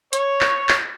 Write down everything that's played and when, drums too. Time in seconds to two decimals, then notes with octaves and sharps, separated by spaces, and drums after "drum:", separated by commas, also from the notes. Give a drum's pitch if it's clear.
0.13 C#5, drum: hi-hat
0.41 drum: clap
0.69 drum: clap